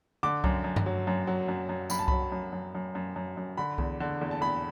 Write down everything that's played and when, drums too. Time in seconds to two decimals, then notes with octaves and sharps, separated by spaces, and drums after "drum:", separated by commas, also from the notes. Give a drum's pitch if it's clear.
0.23 D3 D6
0.44 F#2, drum: kick C2
0.64 F#2
0.76 drum: tom G2
0.86 F#3
1.07 F#2
1.27 F#3
1.48 F#2
1.69 F#2
1.90 F#2 B5, drum: tambourine
1.99 A5
2.08 F#3 B5, drum: kick C2
2.32 F#2
2.53 F#2
2.75 F#2
2.95 F#2
3.16 F#2
3.37 F#2
3.57 D3 B5
3.78 E2, drum: kick C2
4.00 D3
4.21 E2
4.31 A5
4.41 E2 B5